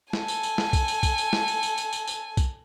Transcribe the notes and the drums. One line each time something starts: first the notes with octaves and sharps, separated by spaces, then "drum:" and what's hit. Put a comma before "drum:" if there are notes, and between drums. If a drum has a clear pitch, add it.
A4 G#5, drum: snare
drum: tambourine
drum: tambourine
drum: snare
drum: kick B1, tambourine
drum: tambourine
drum: kick B1, tambourine
drum: tambourine
drum: snare
drum: tambourine
drum: tambourine
drum: tambourine
drum: tambourine
drum: tambourine
drum: kick B1, tambourine